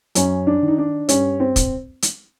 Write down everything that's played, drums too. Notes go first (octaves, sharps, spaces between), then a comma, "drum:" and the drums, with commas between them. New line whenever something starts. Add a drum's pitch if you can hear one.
F#2 C#4, drum: hi-hat
D4
D#3
D#4
D4
G2 C#4, drum: hi-hat
C4
drum: kick, hi-hat
drum: hi-hat